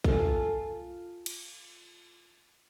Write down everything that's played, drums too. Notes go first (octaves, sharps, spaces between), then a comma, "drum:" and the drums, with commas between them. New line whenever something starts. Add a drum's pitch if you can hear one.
F4 G#4 A4, drum: kick
drum: cymbal